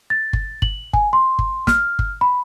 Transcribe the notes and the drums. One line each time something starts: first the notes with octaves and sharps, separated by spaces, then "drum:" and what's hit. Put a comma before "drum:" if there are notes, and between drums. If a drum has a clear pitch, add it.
A6
drum: kick G1
F#7, drum: kick G1
G#5, drum: kick G1
C6
drum: kick G1
F6, drum: snare
drum: kick G1
B5